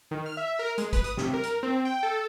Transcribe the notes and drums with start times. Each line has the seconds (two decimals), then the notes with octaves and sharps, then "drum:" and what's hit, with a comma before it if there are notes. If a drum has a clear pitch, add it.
0.11 D#3
0.26 F6
0.37 E5
0.59 A#4
0.78 G#3, drum: hi-hat
0.93 B4, drum: kick, hi-hat
1.04 D#6, drum: hi-hat
1.17 C3, drum: snare
1.33 A#4
1.43 drum: hi-hat
1.63 C4
1.85 G5
2.03 A4